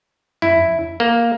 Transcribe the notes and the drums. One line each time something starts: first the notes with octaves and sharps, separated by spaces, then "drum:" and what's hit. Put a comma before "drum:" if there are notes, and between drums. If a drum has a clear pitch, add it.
E4, drum: tom
A#3